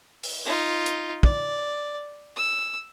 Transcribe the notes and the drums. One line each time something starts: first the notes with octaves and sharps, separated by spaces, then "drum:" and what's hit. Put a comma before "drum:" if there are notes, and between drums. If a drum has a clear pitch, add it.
drum: open hi-hat
D#4 F4
drum: hi-hat
D5, drum: kick
E6